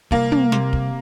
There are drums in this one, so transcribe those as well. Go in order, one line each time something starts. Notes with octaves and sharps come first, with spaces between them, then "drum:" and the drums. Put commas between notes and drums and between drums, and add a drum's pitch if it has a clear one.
C2 A#3, drum: kick
drum: tom
C3, drum: snare
drum: kick